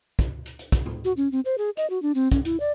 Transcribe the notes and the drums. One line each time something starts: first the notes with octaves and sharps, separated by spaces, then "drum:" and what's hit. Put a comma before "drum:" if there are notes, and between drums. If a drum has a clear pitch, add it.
drum: kick, hi-hat
drum: hi-hat
drum: hi-hat
drum: kick, hi-hat
drum: tom A2
F#4
C#4
C4
C5
G#4
D#5, drum: hi-hat
F#4
D4
C4
C#4, drum: kick, hi-hat
E4, drum: hi-hat
D5